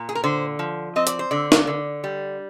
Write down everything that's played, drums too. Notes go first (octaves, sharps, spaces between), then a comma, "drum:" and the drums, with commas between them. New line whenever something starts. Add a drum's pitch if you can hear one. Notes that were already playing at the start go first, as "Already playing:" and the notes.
Already playing: A#2
G#4
A#4
D3 C5
F3
C4 D#5
D5, drum: hi-hat
C5
D3 D5
drum: snare
D3
G3